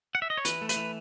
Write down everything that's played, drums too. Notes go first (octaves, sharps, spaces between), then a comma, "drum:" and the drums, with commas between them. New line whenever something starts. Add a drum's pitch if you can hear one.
F#5
E5
D#5
C#5
E3 B4, drum: hi-hat
A3
B4, drum: hi-hat
E3